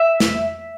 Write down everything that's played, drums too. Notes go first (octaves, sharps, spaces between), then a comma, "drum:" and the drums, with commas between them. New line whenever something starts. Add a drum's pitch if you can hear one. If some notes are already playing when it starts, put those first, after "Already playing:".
Already playing: E5
drum: snare